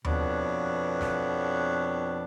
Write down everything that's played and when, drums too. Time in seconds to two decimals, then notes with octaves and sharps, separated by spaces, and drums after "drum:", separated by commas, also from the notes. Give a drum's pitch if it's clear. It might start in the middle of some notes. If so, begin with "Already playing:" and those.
0.05 F2 B2 B3 D4 C#5, drum: tom D#2
1.01 drum: snare